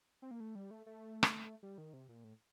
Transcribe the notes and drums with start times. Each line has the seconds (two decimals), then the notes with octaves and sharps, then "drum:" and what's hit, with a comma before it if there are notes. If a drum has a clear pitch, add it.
0.22 C4
0.31 A#3
0.40 A3
0.55 G3
0.71 A3
0.86 A3
1.23 drum: rim click
1.63 G3
1.78 D#3
1.93 C3
2.09 A#2
2.24 A2